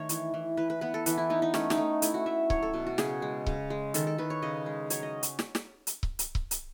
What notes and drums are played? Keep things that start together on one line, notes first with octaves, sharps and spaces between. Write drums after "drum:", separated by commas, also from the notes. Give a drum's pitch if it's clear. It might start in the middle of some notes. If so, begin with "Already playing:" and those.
Already playing: D#3 A3 C#5
E3, drum: hi-hat
E3
E3 B4
B4
B3 B4
A4
E3 B4, drum: hi-hat
E4
B3 D#4
D#4
A3 C#4, drum: snare
D#4, drum: snare
A3
A3 E4, drum: hi-hat
F#4
A3 E5
F#3 C#5, drum: kick C#1
A4
B2
F#4
C#3 G#4, drum: snare
G#3
C#3, drum: kick C#1
G#3
D#3 A4, drum: hi-hat
A4
D#3 B4
C#5
C#3 D#5
G#3
F#3 C#5, drum: hi-hat
D#5
drum: hi-hat
drum: snare
drum: snare
drum: hi-hat
drum: kick C#1
drum: hi-hat
drum: kick C#1
drum: hi-hat